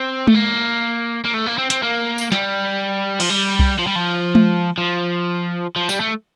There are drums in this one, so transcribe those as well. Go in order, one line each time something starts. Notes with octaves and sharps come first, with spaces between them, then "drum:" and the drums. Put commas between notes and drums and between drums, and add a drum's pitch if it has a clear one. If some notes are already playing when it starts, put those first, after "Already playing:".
Already playing: C4
A3, drum: tom G#3
A#3
A#3
A3
A#3
C4
C4, drum: hi-hat
A#3
drum: tambourine
G3, drum: snare
F3, drum: cymbal
G3
drum: kick C2
F3
G3
F3
drum: tom G#3
F3
F3
G3, drum: tambourine
A3